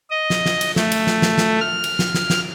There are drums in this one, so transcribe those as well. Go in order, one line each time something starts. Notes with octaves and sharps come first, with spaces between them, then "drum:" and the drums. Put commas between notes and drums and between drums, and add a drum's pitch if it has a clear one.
D#5
drum: snare
drum: snare
drum: cymbal
A3, drum: snare
drum: cymbal
drum: snare
drum: snare
drum: snare
F6
drum: cymbal
drum: snare
drum: snare
drum: snare